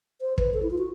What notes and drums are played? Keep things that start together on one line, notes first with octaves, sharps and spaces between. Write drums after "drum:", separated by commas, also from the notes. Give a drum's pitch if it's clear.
C5
B4, drum: kick
A4
E4
F4
F#4